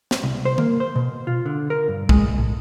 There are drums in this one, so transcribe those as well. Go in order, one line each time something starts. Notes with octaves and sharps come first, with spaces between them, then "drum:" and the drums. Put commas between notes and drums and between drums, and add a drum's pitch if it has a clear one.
drum: snare
C2
C5
A#3, drum: tom
C5
B2
F4
D3
A#4
G2
G#3, drum: kick
C2
A2